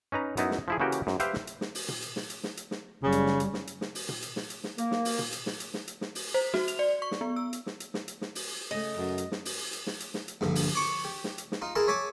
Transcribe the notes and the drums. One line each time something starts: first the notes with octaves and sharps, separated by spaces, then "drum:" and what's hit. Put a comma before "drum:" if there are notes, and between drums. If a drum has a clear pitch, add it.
C#4 D#4 B4 A#5
F#2 B3 D#4 E4, drum: hi-hat
drum: snare
F3 E4 G#4
C#3 E3 A#3 F#4 G4 G5
drum: hi-hat
F#2, drum: snare
G4 B4 C5 E5 F5 G5, drum: hi-hat
drum: snare
drum: hi-hat
drum: snare
drum: open hi-hat
drum: tom A#2
drum: hi-hat
drum: snare
drum: hi-hat
drum: snare
drum: hi-hat
drum: snare
F#1 C#3 G3
drum: hi-hat
drum: snare
drum: hi-hat
drum: snare
drum: hi-hat
drum: snare
drum: open hi-hat
drum: tom A#2
drum: hi-hat
drum: snare
drum: hi-hat
drum: snare
A#3, drum: hi-hat
drum: snare
drum: open hi-hat
drum: tom A#2
drum: hi-hat
drum: snare
drum: hi-hat
drum: snare
drum: hi-hat
drum: snare
drum: open hi-hat
C5
F#4, drum: snare
F7, drum: hi-hat
D5
C#6
drum: snare
B3
E6
drum: hi-hat
drum: snare
drum: hi-hat
drum: snare
drum: hi-hat
drum: snare
drum: open hi-hat
C#3 A3 D#5
F#2
drum: hi-hat
drum: snare
drum: open hi-hat
drum: hi-hat
drum: snare
drum: hi-hat
drum: snare
drum: hi-hat
A#1 G2 D3, drum: snare
drum: open hi-hat
C#6 D6
G4
drum: snare
drum: hi-hat
drum: snare
D#4 F4
E4 G#4 A#4 A5 C6
C#5 E5 G#5 A5 D6